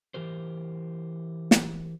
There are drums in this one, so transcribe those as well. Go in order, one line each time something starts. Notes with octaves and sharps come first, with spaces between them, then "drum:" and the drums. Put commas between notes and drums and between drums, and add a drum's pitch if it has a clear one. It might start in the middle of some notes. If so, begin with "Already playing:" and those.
E3 G4 A#4 C5
drum: snare